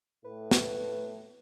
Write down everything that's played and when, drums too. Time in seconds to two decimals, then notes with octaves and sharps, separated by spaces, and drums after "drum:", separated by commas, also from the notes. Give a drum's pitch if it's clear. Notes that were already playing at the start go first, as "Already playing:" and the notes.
0.24 A2 A3 B4
0.51 drum: snare